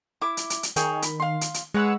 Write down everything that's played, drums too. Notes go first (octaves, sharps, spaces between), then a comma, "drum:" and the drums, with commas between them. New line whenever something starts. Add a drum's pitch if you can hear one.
E4 D6
drum: hi-hat
drum: hi-hat
drum: hi-hat
D#3 G#4 C#5 G5, drum: hi-hat
B5, drum: hi-hat
F5 C6
drum: hi-hat
drum: hi-hat
G#3 B4 C#5 F#5 E6